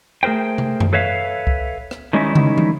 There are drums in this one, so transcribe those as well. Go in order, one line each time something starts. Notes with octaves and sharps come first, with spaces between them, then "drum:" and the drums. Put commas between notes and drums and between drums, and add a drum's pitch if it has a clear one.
A3 G#4 A#4 C5 G5
drum: tom
drum: tom F#2
A4 B4 C#5 E5 F5
drum: kick C#2
drum: rim click
D#3 G3 G#3 C#4 D#4 E4
drum: tom
drum: tom